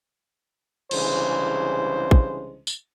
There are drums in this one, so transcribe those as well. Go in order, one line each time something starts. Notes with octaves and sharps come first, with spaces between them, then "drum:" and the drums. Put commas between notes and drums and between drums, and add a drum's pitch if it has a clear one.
C2 C#3 E3 G#3 D4 C5, drum: cymbal
drum: kick
drum: tambourine